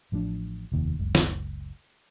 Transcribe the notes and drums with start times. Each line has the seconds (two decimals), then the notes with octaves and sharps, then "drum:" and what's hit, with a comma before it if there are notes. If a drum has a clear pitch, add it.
0.12 A1 F3 A3 D4
0.72 F1 D#2
0.99 F#1 C#2
1.15 drum: snare